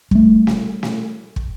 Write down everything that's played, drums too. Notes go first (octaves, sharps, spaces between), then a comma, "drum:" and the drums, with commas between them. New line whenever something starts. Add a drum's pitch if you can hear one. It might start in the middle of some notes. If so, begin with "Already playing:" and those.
G3 A3, drum: kick
drum: snare
drum: snare
drum: kick